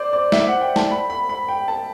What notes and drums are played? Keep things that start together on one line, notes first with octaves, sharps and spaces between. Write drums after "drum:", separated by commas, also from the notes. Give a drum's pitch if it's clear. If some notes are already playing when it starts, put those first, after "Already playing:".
Already playing: C5 D5
D5
E5, drum: snare
F#5
G5
A5, drum: snare
B5
B5
B5
G5
A5